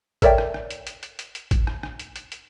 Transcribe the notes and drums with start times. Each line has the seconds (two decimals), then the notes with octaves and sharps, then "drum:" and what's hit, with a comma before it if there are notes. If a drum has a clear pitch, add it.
0.22 A4 A#4 C#5 D5 E5 G5, drum: kick A1, hi-hat
0.38 drum: rim click
0.54 drum: rim click
0.70 drum: hi-hat
0.87 drum: hi-hat
1.03 drum: hi-hat
1.19 drum: hi-hat
1.35 drum: hi-hat
1.51 drum: kick A1, hi-hat
1.67 drum: rim click
1.83 drum: rim click
1.99 drum: hi-hat
2.16 drum: hi-hat
2.32 drum: hi-hat